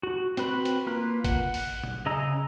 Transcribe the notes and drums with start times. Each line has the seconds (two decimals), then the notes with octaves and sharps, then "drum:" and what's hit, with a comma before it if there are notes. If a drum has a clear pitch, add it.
0.03 F#4
0.37 C4 F#4 B4 B5, drum: hi-hat
0.65 drum: hi-hat
0.87 A#3 F4 B4
1.24 F#5, drum: kick, hi-hat
1.54 drum: open hi-hat
1.84 drum: tom A#2
2.06 C#3 G#4 D#5 A#5 E6